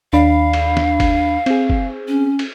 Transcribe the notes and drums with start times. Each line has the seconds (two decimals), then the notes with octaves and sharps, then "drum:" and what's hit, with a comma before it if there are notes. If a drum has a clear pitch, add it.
0.13 D#2 D4 F5 B5
0.53 drum: cymbal
0.77 drum: snare
1.00 drum: kick, cymbal
1.46 C4 G#4, drum: cymbal
1.70 drum: kick
2.08 C#4
2.39 drum: cymbal